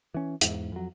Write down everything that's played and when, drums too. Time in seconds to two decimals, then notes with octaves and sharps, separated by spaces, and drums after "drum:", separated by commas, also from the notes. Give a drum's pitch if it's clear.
0.14 E3 C#4
0.41 E2 G#2, drum: hi-hat
0.72 F2 F#3